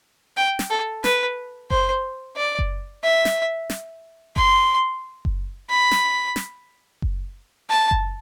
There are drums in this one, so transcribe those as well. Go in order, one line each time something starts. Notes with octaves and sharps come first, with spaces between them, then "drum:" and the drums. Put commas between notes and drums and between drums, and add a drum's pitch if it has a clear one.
G5
drum: snare
A4
B4, drum: snare
C5, drum: kick F#1
D5
drum: kick F#1
E5
drum: snare
drum: snare
C6, drum: kick F#1
drum: kick F#1
B5
drum: snare
drum: snare
drum: kick F#1
A5
drum: kick F#1